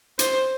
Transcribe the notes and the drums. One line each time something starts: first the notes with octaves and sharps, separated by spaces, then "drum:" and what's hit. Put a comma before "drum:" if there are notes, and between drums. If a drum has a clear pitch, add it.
C5, drum: hi-hat